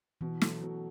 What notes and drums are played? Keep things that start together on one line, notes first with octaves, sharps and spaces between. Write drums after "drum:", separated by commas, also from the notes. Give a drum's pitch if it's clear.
B2 E3
F#3 A3, drum: snare
B2